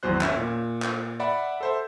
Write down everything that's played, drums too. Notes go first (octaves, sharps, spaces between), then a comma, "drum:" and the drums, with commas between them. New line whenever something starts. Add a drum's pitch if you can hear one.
G#1 E2 F#3 C5 F#6
C#4 E5, drum: clap
A#2
drum: clap
D5 E5 F#5 B5
A4 C5 E5